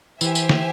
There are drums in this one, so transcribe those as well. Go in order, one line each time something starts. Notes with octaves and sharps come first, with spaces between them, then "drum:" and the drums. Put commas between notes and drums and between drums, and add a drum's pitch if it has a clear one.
E3 G4 C5 E5 G#5, drum: tambourine
drum: tambourine
drum: snare